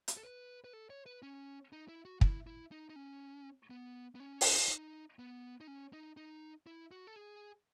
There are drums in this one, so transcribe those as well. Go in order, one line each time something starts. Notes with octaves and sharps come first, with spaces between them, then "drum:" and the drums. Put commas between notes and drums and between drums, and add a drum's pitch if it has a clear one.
drum: hi-hat
A4
B4
B4
A4
C#5
B4
C#4
D#4
E4
F#4
E4, drum: kick
E4
D#4
D#4
C#4
B3
B3
C#4
drum: open hi-hat
D#4
B3
D#4
C#4
D#4
D#4
E4
F#4
A4
G#4